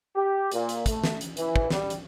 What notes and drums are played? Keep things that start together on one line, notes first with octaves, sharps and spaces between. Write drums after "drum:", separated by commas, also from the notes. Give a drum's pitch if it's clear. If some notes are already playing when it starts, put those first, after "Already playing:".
G4
A#2, drum: hi-hat
drum: hi-hat
A3, drum: kick, hi-hat
drum: snare
drum: hi-hat
E3, drum: hi-hat
drum: kick
G3, drum: snare
drum: hi-hat